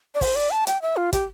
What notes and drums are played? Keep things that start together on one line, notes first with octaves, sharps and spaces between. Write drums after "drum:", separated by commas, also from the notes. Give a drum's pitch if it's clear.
D5
C5, drum: kick, open hi-hat
D5
A5
G5, drum: hi-hat
E5
F4
G4, drum: kick, hi-hat